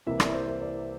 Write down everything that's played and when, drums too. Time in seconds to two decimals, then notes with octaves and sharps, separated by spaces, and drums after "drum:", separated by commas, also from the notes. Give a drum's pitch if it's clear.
0.07 C2 C3 E3 A#3 E4 E5
0.20 D5, drum: rim click
0.35 C5
0.48 C5
0.61 D5